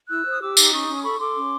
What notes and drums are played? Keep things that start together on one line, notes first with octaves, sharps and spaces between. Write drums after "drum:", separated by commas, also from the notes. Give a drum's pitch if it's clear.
E4 E6 F#6
C5 D#6
G4 D6 E6
D#4, drum: tambourine
C#4 C#6 D#6
C#4
A4 B5 C#6
A4 C6 D6
C#4